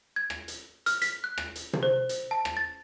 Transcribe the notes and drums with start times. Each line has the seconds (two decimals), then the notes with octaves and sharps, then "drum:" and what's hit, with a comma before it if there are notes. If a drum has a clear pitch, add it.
0.16 G#6
0.30 drum: rim click
0.48 drum: hi-hat
0.86 F6, drum: hi-hat
1.02 B6, drum: hi-hat
1.24 F#6
1.38 drum: rim click
1.55 drum: hi-hat
1.73 drum: tom
1.83 C5
2.09 drum: hi-hat
2.31 A5
2.45 drum: rim click
2.57 A6